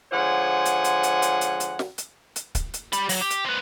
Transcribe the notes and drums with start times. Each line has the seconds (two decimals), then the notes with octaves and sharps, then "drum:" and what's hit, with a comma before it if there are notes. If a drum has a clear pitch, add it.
0.12 G#2 D3 F3 C#5 F#5 G#5
0.66 drum: hi-hat
0.85 drum: hi-hat
1.03 drum: hi-hat
1.22 drum: hi-hat
1.41 drum: hi-hat
1.60 drum: hi-hat
1.79 drum: snare
1.98 drum: hi-hat
2.36 drum: hi-hat
2.55 drum: kick, hi-hat
2.74 drum: hi-hat
2.93 G4 B5, drum: hi-hat
3.09 F#3, drum: open hi-hat
3.21 G4
3.31 drum: hi-hat
3.45 C4 B4